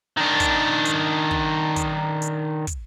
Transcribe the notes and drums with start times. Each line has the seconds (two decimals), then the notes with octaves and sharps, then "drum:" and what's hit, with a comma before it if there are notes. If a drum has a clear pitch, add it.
0.17 D#3 D4
0.40 drum: kick, hi-hat
0.85 drum: hi-hat
1.31 drum: kick
1.76 drum: kick, hi-hat
2.22 drum: hi-hat
2.67 drum: kick, hi-hat